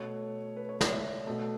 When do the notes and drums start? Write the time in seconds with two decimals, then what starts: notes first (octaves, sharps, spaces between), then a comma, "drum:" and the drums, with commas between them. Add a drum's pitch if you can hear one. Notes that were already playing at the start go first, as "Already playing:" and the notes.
Already playing: B2 A3 C#5
0.56 B4
0.69 C#5
0.81 D5, drum: snare
0.92 E5
1.27 B2 A3